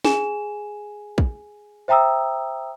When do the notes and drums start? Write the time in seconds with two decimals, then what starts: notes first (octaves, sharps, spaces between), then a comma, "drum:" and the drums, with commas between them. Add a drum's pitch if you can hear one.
0.05 G#4 G#5 E7, drum: snare
1.18 drum: kick
1.88 C5 E5 G5 A#5 D#6 E6